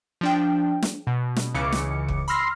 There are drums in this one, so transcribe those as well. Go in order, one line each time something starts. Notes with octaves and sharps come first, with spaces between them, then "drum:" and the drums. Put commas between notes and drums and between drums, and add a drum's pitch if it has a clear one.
F3 D4 G5
drum: snare
B2
drum: snare
C#2 C#3 E3 D6 C#7
drum: snare
drum: kick
B5 C6 E6 F6 A#6 C7